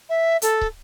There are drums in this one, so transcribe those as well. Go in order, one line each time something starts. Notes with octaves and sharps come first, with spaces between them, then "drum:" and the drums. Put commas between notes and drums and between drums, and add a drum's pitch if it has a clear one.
E5
A4, drum: hi-hat
drum: kick